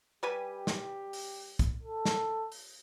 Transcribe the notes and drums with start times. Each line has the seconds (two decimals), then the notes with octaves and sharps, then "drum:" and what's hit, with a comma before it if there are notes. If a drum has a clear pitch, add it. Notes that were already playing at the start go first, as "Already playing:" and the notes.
0.23 G3 G4 B4 G#5
0.67 drum: snare
1.13 drum: open hi-hat
1.59 drum: kick, hi-hat
1.82 A4
2.05 drum: snare
2.52 drum: open hi-hat